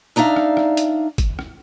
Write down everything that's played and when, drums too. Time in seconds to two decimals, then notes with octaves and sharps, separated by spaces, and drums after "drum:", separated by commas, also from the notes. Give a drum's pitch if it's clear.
0.16 D4 D#4 D5 E5 F5
0.36 drum: rim click
0.57 drum: rim click
0.77 drum: hi-hat
1.18 drum: kick, hi-hat
1.39 drum: rim click